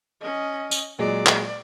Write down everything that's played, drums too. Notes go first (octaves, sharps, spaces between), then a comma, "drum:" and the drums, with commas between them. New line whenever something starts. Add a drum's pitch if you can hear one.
C#4 D#5
drum: tambourine
A#2 F#3 G#3 D5
drum: clap